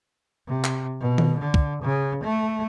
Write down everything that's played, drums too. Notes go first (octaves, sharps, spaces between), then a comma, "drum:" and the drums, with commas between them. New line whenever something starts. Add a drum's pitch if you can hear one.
C3
drum: clap
B2
drum: tom D#3
D3
drum: kick
C#3
A3